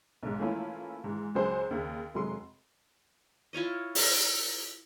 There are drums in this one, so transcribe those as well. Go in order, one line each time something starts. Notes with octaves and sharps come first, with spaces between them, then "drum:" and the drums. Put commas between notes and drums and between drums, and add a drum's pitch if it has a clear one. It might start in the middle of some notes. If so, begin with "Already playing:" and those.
B1 G#2
E3 A3 A#3 C#4 E4 F4
G#2 E3
C#2 F#3 G#4 C5 C6
D#2 C#3
F1 F#3 G#3 C6
E4 F4 C#5 D#5
drum: open hi-hat